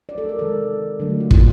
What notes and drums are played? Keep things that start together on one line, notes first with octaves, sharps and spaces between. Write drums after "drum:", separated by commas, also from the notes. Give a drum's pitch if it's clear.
D5
A4
A#4
C3 D#3 G#3 A4
D3 F#3 A3
F#4
F4
E4, drum: kick